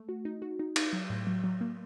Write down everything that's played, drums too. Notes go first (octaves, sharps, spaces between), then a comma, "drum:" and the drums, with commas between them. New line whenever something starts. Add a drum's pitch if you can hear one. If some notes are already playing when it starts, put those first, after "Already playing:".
Already playing: A3
F#4
D#4
F#4
D#4
D#4, drum: cymbal
F#3
A2
F#3
F#3
A#3